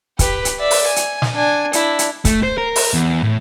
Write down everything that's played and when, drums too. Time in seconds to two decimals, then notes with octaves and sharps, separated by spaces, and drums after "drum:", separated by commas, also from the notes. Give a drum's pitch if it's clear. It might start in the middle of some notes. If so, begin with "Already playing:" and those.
0.19 G4 B4, drum: kick, hi-hat
0.45 drum: hi-hat
0.59 D5 E5
0.71 drum: open hi-hat
0.87 G#5
0.96 drum: hi-hat
1.22 drum: snare
1.35 D4 G#5
1.73 D4 E4, drum: hi-hat
1.99 drum: hi-hat
2.25 A3, drum: kick, hi-hat
2.43 C5
2.58 A#4
2.76 drum: open hi-hat
2.94 E2
3.24 A2